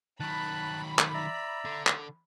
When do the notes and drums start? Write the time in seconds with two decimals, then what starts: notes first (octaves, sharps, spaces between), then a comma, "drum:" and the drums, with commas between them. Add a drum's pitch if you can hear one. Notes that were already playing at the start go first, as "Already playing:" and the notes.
0.20 D#3 F#3 A5 B5 F#6
0.99 drum: clap
1.14 D5 E5 A#5
1.65 D3
1.87 drum: clap